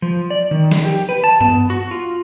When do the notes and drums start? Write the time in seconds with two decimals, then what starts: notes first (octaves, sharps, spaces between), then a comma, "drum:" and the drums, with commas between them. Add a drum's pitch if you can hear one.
0.02 F3
0.30 D5
0.51 D#3
0.71 drum: snare
0.85 G4
1.09 B4
1.24 A5
1.41 B3, drum: tom G2
1.70 F#4
1.91 F4